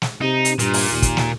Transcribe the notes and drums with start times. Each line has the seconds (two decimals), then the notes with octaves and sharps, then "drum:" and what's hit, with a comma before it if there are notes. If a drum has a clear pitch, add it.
0.02 drum: snare
0.22 C3 D#4
0.45 drum: hi-hat
0.59 G2 A#2, drum: hi-hat
0.74 drum: open hi-hat
0.92 D#2
1.02 drum: kick, hi-hat
1.17 drum: snare